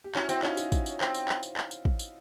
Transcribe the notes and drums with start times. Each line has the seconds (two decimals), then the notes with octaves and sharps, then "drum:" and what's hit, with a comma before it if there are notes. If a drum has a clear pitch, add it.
0.04 G4
0.15 C#4 E4 F#4, drum: clap
0.29 C4 E4 F#4, drum: tambourine
0.43 C#4 D#4 F4, drum: clap
0.57 D#4 F4, drum: tambourine
0.72 drum: kick, tambourine
0.86 drum: tambourine
1.01 C4, drum: clap
1.14 drum: tambourine
1.29 drum: clap
1.43 drum: tambourine
1.57 drum: clap
1.71 drum: tambourine
1.85 drum: kick
1.99 drum: tambourine